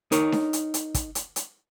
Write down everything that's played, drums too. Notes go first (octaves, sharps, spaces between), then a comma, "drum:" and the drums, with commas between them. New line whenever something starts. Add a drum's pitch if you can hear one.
D#4 A#4 C#5, drum: hi-hat
drum: snare D4
drum: hi-hat
drum: hi-hat
drum: kick, hi-hat
drum: hi-hat
drum: hi-hat